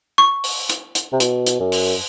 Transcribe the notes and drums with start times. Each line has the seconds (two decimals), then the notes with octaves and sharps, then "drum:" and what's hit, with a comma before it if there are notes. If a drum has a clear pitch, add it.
0.18 C#6
0.44 drum: open hi-hat
0.70 drum: hi-hat
0.95 drum: hi-hat
1.13 C3
1.20 B2, drum: hi-hat
1.47 drum: hi-hat
1.60 F#2
1.72 drum: open hi-hat